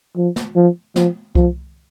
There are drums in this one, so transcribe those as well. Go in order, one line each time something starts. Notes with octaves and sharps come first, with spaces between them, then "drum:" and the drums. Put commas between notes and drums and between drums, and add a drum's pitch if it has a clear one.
F3
drum: snare
F3
F3, drum: snare
F3, drum: kick C2